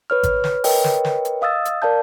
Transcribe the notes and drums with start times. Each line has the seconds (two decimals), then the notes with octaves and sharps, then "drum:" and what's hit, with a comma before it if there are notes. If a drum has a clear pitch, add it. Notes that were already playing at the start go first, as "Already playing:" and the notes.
0.10 B4 C#5 F6
0.23 drum: kick G#1, hi-hat
0.44 drum: snare
0.64 A#4 B4 C#5 D#5 G5, drum: open hi-hat
0.84 drum: snare
1.05 drum: snare
1.25 drum: hi-hat
1.41 D#5 F5 D#6 E6 A6
1.65 drum: hi-hat
1.82 A#4 D5 F5 A5 G6